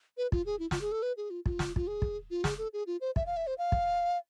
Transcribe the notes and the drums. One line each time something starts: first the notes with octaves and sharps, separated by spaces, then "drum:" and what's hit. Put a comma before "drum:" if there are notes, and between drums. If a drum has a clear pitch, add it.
B4
F4, drum: kick
G#4
E4
F4, drum: snare
G#4
A4
B4
G#4
F4
F4, drum: kick
drum: snare
F4, drum: kick
G#4
drum: kick
F4
G#4, drum: snare
A4
G#4
F4
C5
E5, drum: kick
F5
E5
C5
F5
drum: kick